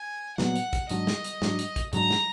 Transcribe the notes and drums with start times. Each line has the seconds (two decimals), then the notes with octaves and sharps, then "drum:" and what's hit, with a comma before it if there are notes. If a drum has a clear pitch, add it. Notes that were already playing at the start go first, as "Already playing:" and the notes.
Already playing: G#5
0.38 A#2 F#3 B3 F#5, drum: snare
0.56 drum: hi-hat
0.73 drum: kick, hi-hat
0.89 G#2 F#3 D4 D#5, drum: hi-hat
1.07 drum: snare
1.24 drum: hi-hat
1.42 G#2 F#3 D4, drum: snare
1.59 drum: hi-hat
1.76 drum: kick, hi-hat
1.93 G#2 F#3 D4 A#5, drum: hi-hat
2.11 drum: snare